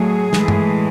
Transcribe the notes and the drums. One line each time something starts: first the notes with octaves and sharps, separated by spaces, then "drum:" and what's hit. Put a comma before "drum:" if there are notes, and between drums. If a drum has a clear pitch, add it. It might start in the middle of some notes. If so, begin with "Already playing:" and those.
Already playing: A2 F#3 G#4
A2 E3 G#3, drum: snare
drum: tom G2